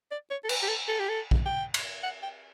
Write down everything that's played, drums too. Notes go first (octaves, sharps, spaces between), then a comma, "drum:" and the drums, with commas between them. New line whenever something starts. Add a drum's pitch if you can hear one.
D5
C#5
A4
B4, drum: cymbal
G4
A4
A4
G4
A4
drum: kick
G5
drum: cymbal
F#5
G5